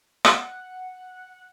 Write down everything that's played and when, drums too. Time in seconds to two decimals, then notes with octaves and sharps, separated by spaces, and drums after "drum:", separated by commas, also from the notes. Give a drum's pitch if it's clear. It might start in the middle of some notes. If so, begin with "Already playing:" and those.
0.25 F#5, drum: rim click